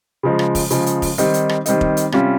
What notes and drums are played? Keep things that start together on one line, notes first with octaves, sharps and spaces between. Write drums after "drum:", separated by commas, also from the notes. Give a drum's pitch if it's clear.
C#3 F3 G#3
drum: rim click
drum: kick F1, open hi-hat
C#3 F3 G#3, drum: hi-hat
drum: hi-hat
drum: kick F1, open hi-hat
D#3 G3 C4 D#4, drum: hi-hat
drum: hi-hat
drum: rim click
D#3 G3 C4 D#4, drum: hi-hat
drum: kick F1
drum: hi-hat
C3 G3 C#4 F4, drum: rim click